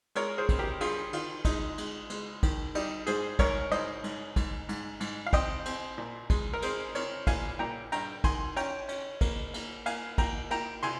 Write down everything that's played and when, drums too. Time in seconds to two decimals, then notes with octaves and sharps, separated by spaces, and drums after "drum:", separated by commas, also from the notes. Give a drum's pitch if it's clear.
0.15 G#3 A#4 C#5, drum: cymbal
0.38 G#4 C5
0.49 C4, drum: kick, cymbal
0.59 G4 A#4
0.81 G2 F4 G#4, drum: cymbal
1.13 D#3 F4, drum: cymbal
1.45 G#3 D#4, drum: kick, cymbal
1.78 G#3, drum: cymbal
2.10 G#3, drum: cymbal
2.43 D#3, drum: kick, cymbal
2.75 G3 D#4, drum: cymbal
3.07 G#2 G#4 C5, drum: cymbal
3.39 G#2 A#4 C#5, drum: kick, cymbal
3.71 G#2 C5 D#5, drum: cymbal
4.04 G#2, drum: cymbal
4.36 G#2, drum: kick, cymbal
4.69 G#2, drum: cymbal
5.00 G#2, drum: cymbal
5.26 F5
5.33 C4 D#5 G5, drum: kick, cymbal
5.66 C4, drum: cymbal
5.98 A#2
6.30 G#3, drum: kick, cymbal
6.54 A#4
6.62 C4 G#4 C5, drum: cymbal
6.95 C4 A#4 C#5, drum: cymbal
7.27 A#2 F5 G#5, drum: kick, cymbal
7.59 A#2 G5 A#5
7.92 G2 G5 A#5, drum: cymbal
8.24 D#3 G#5 C6, drum: kick, cymbal
8.56 C#4 G5 A#5, drum: cymbal
8.89 C#4, drum: cymbal
9.21 A#3, drum: kick, cymbal
9.54 A#3, drum: cymbal
9.86 A#3 F5 G#5, drum: cymbal
10.18 A#3 G5 A#5, drum: kick, cymbal
10.51 A#3 G5 A#5, drum: cymbal
10.83 C3 G#5 C6, drum: cymbal